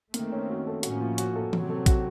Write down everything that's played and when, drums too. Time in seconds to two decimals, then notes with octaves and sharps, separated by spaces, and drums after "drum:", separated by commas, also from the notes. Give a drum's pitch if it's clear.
0.14 D#3 A3 A#3 C4, drum: hi-hat
0.32 C#4
0.49 F#4
0.67 A4
0.83 A2 F3 A#3 C#4 F#4, drum: hi-hat
1.01 F4
1.18 F#4, drum: hi-hat
1.36 A4
1.53 C3 F#3 C4, drum: tom E3
1.69 A4
1.86 F#4, drum: kick, hi-hat